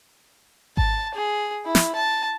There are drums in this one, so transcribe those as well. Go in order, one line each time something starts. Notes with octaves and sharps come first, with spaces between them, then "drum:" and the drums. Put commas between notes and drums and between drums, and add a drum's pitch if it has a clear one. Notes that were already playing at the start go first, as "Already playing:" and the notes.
A5, drum: kick G#1
G#4
E4
drum: snare
A5